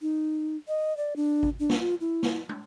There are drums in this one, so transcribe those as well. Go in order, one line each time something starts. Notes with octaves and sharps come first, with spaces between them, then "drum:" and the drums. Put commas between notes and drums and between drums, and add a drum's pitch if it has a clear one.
D#4
D#5
D5
D4
drum: kick G#1
D4
drum: snare
F4
E4
drum: snare
drum: tom